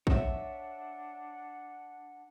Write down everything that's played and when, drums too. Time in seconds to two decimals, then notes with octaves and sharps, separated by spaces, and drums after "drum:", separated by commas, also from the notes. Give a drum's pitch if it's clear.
0.07 D4 C#5 E5 F#5, drum: kick A#1